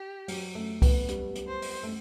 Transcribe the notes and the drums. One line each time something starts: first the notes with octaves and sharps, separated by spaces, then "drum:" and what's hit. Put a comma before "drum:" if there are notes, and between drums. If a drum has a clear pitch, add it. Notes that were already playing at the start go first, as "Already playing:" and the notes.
Already playing: G4
F#3, drum: open hi-hat
A3
B3, drum: kick C2, open hi-hat
G3, drum: hi-hat
drum: hi-hat
C5
drum: open hi-hat
A3